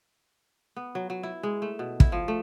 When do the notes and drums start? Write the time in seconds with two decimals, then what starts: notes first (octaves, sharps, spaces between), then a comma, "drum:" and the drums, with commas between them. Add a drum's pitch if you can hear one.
0.76 B3
0.95 F#3
1.10 F#3
1.23 E4
1.43 G#3
1.62 A3
1.79 B2
2.00 E4, drum: kick
2.12 F3
2.28 A3